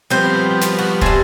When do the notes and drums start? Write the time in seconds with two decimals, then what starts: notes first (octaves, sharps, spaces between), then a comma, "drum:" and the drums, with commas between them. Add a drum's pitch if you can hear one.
0.10 F3 G3 B3 C4 C5
0.61 drum: snare
0.79 F#4
1.01 C3 G3 G#5 A5 C6, drum: kick